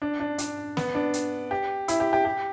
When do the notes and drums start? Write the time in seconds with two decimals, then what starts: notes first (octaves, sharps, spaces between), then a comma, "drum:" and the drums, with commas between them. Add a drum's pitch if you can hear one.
0.02 D4
0.20 D4
0.38 D4, drum: hi-hat
0.77 B3, drum: snare
0.95 D4
1.14 drum: hi-hat
1.51 G4
1.88 E4, drum: hi-hat
2.00 G4
2.13 G4
2.25 G4